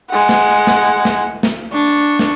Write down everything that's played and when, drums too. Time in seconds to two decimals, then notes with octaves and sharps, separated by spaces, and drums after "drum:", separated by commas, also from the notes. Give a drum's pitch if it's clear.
0.10 G#3 F#5
0.29 drum: snare
0.67 drum: snare
1.05 drum: snare
1.43 drum: snare
1.73 D4 C#6
2.19 drum: snare